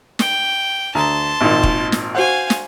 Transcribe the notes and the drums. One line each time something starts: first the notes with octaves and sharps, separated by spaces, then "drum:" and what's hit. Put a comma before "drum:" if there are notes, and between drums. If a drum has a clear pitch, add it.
G5, drum: snare
D2 A5 A#5 C6
G#1 A#2 D#3
drum: kick
drum: snare
F#4 C5 F5 F#5 G#5
drum: snare